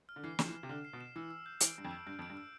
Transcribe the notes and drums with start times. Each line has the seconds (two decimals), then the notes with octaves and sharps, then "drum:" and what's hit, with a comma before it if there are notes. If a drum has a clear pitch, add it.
0.09 F6
0.16 D3
0.24 E3 C7
0.39 F3 E7, drum: snare
0.48 E3
0.55 F6
0.63 C3
0.69 D3 F6
0.85 C7
0.93 B2
1.01 E7
1.16 E3 E6
1.30 E6
1.46 G6
1.61 E3 D7, drum: hi-hat
1.76 G2 E6
1.85 F2
1.91 E6
2.07 G2 G6
2.19 F2
2.22 D7
2.30 G2
2.37 E6